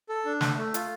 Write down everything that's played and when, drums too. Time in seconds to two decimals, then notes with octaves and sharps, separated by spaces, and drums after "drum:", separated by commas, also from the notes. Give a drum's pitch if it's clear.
0.09 A4
0.26 D4
0.41 A3, drum: snare
0.58 A3
0.74 F4, drum: hi-hat